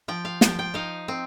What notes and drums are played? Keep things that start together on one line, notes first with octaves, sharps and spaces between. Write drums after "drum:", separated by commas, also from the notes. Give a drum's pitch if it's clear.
F3 G5
F5
F3 G5, drum: snare
G5
D#4 F5
C4